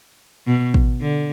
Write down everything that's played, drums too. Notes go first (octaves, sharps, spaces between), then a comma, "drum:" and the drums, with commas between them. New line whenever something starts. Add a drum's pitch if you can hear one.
B2
drum: kick
D3